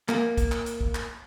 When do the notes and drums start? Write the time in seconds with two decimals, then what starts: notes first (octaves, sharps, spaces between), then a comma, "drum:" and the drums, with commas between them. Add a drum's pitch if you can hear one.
0.09 A#3, drum: clap
0.37 drum: kick, hi-hat
0.52 drum: clap
0.66 drum: hi-hat
0.81 drum: kick
0.95 drum: clap